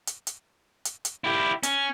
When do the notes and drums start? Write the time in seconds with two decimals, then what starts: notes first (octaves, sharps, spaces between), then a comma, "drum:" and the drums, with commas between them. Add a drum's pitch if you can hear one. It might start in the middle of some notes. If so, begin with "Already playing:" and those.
0.07 drum: hi-hat
0.27 drum: hi-hat
0.85 drum: hi-hat
1.05 drum: hi-hat
1.24 E4 G4
1.63 C#4, drum: hi-hat